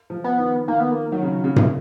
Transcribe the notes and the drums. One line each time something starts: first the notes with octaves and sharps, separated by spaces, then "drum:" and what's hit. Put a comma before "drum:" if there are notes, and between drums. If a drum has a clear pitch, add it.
F3
B3
D#3
D#3 A#3
B3
A#3
D#3 F#3
C#3
C#3
C#3, drum: tom G2